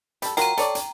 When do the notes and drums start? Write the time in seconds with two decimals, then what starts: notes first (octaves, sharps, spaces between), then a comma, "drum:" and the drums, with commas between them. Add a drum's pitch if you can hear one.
0.22 G3 A4, drum: hi-hat
0.37 F#3 F4 A#4 G5 A#5, drum: hi-hat
0.57 A4 C#5 D5, drum: hi-hat
0.75 drum: hi-hat